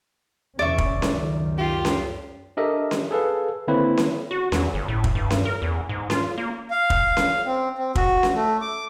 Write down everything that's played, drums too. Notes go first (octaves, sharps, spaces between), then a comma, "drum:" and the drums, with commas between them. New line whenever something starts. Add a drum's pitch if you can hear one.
E2 C#3 C#4 D5 E5 C#6
drum: kick
C#2 F#2 D#3, drum: snare C#4
F4 G4
drum: snare C#4
D4 G4 A4 A#4 D#5 E5
drum: snare C#4
G#4 A4 B4 F5
D3 A#3 C4 E4 B4 C#5
drum: snare C#4
F#4
E2, drum: snare C#4
G1
A2
drum: kick
G2
drum: snare C#4
A#4
E2
G#2
F4, drum: snare C#4
A#3
F5
drum: kick
drum: snare C#4
C4
C4
F#4, drum: kick
drum: snare C#4
A3
D6